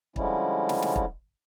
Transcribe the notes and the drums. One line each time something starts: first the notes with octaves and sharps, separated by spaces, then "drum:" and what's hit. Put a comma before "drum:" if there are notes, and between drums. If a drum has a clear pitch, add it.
D3 F3 G3 G#3 C#4 E4, drum: kick
drum: snare
drum: snare
drum: kick